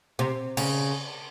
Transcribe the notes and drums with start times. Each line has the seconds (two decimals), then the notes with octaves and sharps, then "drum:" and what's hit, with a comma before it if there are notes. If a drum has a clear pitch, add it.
0.19 C3
0.57 C#3, drum: cymbal